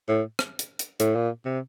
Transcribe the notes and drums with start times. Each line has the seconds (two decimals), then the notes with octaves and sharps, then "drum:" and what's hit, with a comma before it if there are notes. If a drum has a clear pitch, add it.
0.08 A2
0.39 drum: rim click
0.59 drum: hi-hat
0.79 drum: hi-hat
1.00 A2, drum: hi-hat
1.15 A#2
1.45 C3